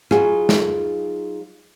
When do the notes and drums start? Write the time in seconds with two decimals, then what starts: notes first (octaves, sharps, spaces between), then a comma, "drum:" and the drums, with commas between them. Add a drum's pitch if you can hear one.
0.11 F#3 D#4 F4 F#4 G#4 B4, drum: rim click
0.49 drum: snare